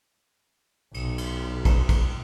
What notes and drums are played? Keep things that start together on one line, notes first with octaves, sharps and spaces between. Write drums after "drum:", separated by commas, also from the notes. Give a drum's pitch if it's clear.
B1, drum: cymbal
drum: cymbal
drum: kick, cymbal
drum: kick, cymbal